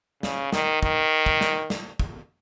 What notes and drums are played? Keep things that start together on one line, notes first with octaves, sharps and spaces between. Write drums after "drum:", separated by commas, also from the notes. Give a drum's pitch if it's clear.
C#3, drum: snare
D#3, drum: snare
D#3, drum: kick
drum: kick
drum: snare
drum: snare
drum: kick